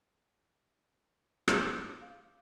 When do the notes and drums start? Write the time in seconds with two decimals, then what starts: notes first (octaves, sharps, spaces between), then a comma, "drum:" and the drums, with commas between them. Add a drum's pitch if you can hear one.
1.48 D6 G6, drum: rim click
2.01 F5